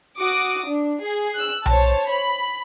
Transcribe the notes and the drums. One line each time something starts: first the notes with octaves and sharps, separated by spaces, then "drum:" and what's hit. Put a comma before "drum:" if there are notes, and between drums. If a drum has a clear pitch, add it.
F#4 D6 D#6
D4
G#4
E6 F#6
C5 C#5 A5, drum: tom B1
B5